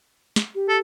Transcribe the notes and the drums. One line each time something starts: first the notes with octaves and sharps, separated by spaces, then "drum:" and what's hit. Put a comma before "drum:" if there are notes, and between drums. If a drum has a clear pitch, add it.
drum: snare
G4
A4